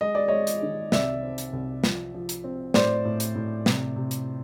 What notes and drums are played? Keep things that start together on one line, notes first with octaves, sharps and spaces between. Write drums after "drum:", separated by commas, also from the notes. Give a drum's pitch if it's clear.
G#3 D#5
D5
G#3 C#5 D#5
drum: hi-hat
D#3
C2 D5 E5, drum: snare
C4
drum: hi-hat
C2
F3, drum: snare
F3
drum: hi-hat
C4
A2 C5 D5, drum: snare
A2
drum: hi-hat
A2
C3, drum: snare
C3
drum: hi-hat